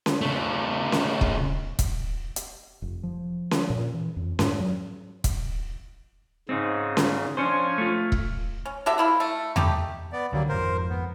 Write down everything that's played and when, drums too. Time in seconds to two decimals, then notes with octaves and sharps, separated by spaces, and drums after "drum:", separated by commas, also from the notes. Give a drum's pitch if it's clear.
0.06 drum: snare C#4
0.21 C#3 A3
0.92 drum: snare C#4
1.21 drum: kick E1
1.79 drum: kick E1, hi-hat
2.36 drum: hi-hat
2.82 F1
3.03 F3
3.51 drum: snare C#4
3.70 A#2
3.94 E3
4.17 F2
4.39 G#2, drum: snare C#4
4.60 F#3
5.24 drum: kick E1, hi-hat
6.49 G#2 C#3 C4 C#4 D#4
6.97 drum: snare C#4
7.37 F3 C#4 D4 C5 C#5 G#5
7.78 A3 F4
8.12 drum: kick E1
8.65 C#4
8.86 F#3 G4 A4 E5
8.98 A#3 E4 F4
9.20 A3
9.56 G3 A3 D#4 G4, drum: tom E2
10.12 B3 D5
10.33 C2 D3 D#3 F#3 G3 A#3
10.49 G#1 F2 A#4 C5
10.89 B3